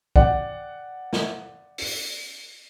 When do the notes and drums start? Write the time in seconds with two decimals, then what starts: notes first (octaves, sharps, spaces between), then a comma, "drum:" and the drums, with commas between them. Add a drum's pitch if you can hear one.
0.16 D5 F#5 G5, drum: kick
1.13 drum: snare
1.78 drum: open hi-hat